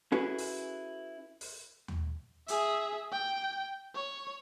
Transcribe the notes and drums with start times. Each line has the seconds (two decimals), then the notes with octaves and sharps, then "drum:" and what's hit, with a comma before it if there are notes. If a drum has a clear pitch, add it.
0.12 C#4 E4 F#4 G#4 A4 B4
0.38 drum: open hi-hat
1.41 drum: open hi-hat
1.88 drum: tom D#2
2.48 G#4 E5, drum: hi-hat
3.12 G5
3.95 C#5